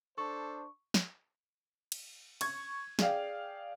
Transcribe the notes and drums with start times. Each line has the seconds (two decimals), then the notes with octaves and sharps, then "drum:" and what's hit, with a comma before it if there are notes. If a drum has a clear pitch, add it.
0.18 D4 A4 C5 C#6
0.94 drum: snare
1.92 drum: cymbal
2.41 C#6 G#6, drum: cymbal
2.99 G#4 D5 F5 G5, drum: snare